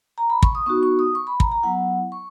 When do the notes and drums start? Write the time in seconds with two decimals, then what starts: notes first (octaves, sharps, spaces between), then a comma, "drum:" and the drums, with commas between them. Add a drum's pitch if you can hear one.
0.18 A#5
0.30 B5
0.43 C#6, drum: kick
0.55 D#6
0.66 B3 D#4 F#4 C#6
0.83 C#6
0.99 D#6
1.15 C#6
1.27 B5
1.40 A#5, drum: kick
1.52 A#5
1.63 F#3 B3 E4 F#5
2.12 C#6